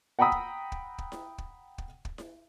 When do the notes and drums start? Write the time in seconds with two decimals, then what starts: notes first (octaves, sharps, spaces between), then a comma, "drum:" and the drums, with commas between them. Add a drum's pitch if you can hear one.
0.19 F#5 G5 A#5 B5 D#6 E6
0.32 drum: kick
0.72 drum: kick
0.98 drum: kick
1.12 drum: snare E4
1.38 drum: kick
1.78 drum: kick
2.05 drum: kick
2.18 drum: snare E4